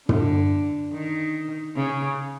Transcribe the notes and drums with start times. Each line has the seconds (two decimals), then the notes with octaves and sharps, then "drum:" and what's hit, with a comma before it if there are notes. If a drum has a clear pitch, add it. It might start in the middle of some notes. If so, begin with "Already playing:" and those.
0.09 D3, drum: tom
0.93 D#3
1.76 C#3